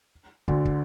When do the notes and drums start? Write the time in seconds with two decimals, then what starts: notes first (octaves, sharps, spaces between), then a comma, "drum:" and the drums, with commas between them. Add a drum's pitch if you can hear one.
0.48 D2 D3, drum: kick
0.65 drum: kick